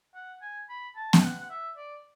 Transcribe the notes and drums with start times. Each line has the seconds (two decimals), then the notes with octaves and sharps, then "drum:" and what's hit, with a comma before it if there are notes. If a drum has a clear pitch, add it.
0.15 F#5
0.42 G#5
0.69 B5
0.96 A5
1.13 drum: snare B3
1.24 F#5
1.39 F#5
1.50 E5
1.77 D5